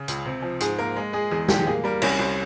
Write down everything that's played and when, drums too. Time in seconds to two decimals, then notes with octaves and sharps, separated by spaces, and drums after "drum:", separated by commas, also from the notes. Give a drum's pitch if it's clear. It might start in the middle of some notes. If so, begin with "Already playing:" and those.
Already playing: C#3
0.08 C#2, drum: hi-hat
0.25 C3
0.42 F3
0.60 G#2 G#4, drum: hi-hat
0.79 A#3 A#4
0.97 G#3
1.13 G#3 G#4
1.31 E2 G#4
1.48 E2 G4, drum: snare
1.67 A#3 G#4
1.84 G3 A#4
2.02 C2 C#4, drum: cymbal
2.19 C2